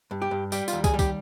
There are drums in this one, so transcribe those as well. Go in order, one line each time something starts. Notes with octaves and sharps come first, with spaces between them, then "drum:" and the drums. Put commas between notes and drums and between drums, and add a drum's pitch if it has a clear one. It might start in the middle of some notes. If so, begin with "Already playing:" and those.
G2
G4
G2
G3 G4, drum: tambourine
F4, drum: tambourine
D#2
G#4, drum: kick, tambourine
G3
G4, drum: kick, tambourine